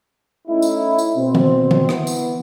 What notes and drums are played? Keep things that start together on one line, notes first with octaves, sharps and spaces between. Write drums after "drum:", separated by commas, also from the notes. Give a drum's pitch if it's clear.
A3 C#4 D#4 E4
drum: tambourine
drum: tambourine
B2 C4
drum: tom D3
drum: tom D3
E3 B3, drum: rim click
drum: tambourine